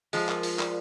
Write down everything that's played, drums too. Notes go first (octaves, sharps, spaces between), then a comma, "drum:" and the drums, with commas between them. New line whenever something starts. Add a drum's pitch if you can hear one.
F3 G#3 F5, drum: open hi-hat
A#4, drum: clap
F4, drum: open hi-hat
D5, drum: clap